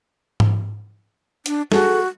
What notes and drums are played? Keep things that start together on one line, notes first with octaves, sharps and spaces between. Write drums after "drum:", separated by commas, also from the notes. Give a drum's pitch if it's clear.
drum: tom G#2
D4, drum: hi-hat
F#4 G#4 A4, drum: snare